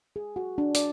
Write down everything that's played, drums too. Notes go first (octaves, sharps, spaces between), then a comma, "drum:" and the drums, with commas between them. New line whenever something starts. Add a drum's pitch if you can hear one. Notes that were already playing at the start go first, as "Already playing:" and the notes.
G#4
F#4
D4
D5, drum: hi-hat